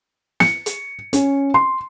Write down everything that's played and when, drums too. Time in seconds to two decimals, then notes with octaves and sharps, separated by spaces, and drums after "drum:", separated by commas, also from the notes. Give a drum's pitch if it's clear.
0.40 C#7, drum: snare
0.66 drum: hi-hat
1.13 C#4, drum: hi-hat
1.54 C6